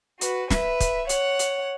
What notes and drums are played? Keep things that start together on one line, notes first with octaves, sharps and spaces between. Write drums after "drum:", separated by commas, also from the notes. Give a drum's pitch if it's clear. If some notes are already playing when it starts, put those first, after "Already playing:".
F#4 B4, drum: hi-hat
B4 E5, drum: snare
drum: kick, hi-hat
C#5 F#5, drum: hi-hat
drum: hi-hat